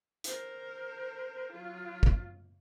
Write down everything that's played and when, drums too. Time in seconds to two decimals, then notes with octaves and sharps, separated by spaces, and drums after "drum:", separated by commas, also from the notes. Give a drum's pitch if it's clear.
0.24 A#4 C5, drum: hi-hat
1.52 F#3 F4
2.03 drum: kick